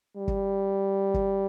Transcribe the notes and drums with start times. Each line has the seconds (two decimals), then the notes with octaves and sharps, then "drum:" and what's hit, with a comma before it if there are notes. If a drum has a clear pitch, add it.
0.17 G3
0.28 drum: kick
1.14 drum: kick